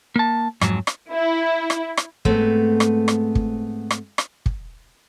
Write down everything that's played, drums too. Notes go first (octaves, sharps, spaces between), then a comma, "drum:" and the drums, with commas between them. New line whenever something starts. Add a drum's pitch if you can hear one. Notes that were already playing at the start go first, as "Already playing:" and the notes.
A#3 A5
F2 G#2 F#3, drum: rim click
drum: rim click
E4
drum: rim click
drum: rim click
G#2 A3 B3 C4, drum: kick
drum: rim click
drum: rim click
drum: kick
drum: rim click
drum: rim click
drum: kick